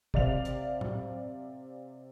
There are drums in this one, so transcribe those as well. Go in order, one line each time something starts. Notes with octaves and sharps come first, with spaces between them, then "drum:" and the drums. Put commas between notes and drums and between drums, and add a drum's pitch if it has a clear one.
C3 D5 F5 F7, drum: kick
drum: hi-hat
drum: tom A2